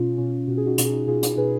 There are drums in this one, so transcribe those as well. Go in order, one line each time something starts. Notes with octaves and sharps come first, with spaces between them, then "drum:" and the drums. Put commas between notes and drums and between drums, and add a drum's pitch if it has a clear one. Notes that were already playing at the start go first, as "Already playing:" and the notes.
Already playing: B2 C#4 F4
B2 C#4 F4
B2 F#4
G#4
D#4 F#4
B2 F#4, drum: hi-hat
G#4
D#4 F#4
B2 F4 G#4
drum: hi-hat
B2 G#4 B4